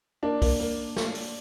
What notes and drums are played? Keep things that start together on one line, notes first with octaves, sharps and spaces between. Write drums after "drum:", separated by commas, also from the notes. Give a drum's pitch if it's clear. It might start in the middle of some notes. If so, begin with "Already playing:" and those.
A#3 D4
A#3, drum: kick B1, open hi-hat
A#3
drum: snare
drum: open hi-hat